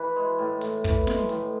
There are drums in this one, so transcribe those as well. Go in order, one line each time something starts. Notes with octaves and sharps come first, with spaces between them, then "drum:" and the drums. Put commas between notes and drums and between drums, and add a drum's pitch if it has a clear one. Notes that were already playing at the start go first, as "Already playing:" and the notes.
Already playing: E3 B4
G#3
A2
A2, drum: hi-hat
E3, drum: kick, hi-hat
G#3, drum: snare
A2, drum: hi-hat